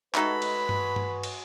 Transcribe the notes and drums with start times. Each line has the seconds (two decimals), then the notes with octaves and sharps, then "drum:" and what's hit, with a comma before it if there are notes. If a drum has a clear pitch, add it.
0.15 G#3 A3 D#4 F#4 A4 B4 C#5 B5, drum: clap
0.42 drum: cymbal
0.69 drum: tom G2
0.96 drum: tom G2
1.23 drum: cymbal